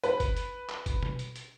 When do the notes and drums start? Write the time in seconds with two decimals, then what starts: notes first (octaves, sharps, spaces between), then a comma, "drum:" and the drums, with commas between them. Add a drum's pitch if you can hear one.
0.04 B4, drum: hi-hat
0.20 drum: kick, hi-hat
0.37 drum: hi-hat
0.70 drum: clap
0.86 drum: kick, hi-hat
1.03 drum: tom B2
1.19 drum: hi-hat
1.36 drum: hi-hat